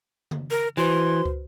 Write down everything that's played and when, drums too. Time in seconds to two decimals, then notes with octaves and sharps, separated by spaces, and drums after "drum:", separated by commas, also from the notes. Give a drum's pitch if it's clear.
0.31 drum: tom C#3
0.51 A#4
0.77 E3 F#4 B4 C5 C6
1.25 drum: kick